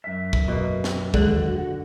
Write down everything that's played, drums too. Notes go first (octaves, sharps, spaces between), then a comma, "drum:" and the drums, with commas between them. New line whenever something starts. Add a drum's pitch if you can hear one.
F#2 E5
drum: kick
B2 A#3
drum: snare
D#2 D3 G#3 F#6, drum: kick
F#4